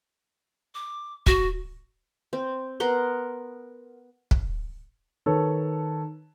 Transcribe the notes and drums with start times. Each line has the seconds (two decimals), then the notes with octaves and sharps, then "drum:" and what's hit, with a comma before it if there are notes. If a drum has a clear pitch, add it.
0.75 D6
1.26 F#4, drum: kick
2.33 C4
2.80 B3 A#4 F#5 C6
4.31 drum: kick
5.26 D#3 A4 B4 C#5